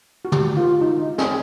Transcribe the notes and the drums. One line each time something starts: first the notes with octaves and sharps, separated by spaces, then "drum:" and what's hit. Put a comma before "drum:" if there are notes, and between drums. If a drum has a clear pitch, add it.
F#4
G4, drum: tom
F4
D#4
G#4, drum: snare